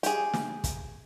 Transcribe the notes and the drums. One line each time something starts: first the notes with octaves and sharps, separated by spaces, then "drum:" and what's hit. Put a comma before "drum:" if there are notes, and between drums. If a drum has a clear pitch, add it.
G4 G#4, drum: hi-hat
drum: snare
drum: kick, hi-hat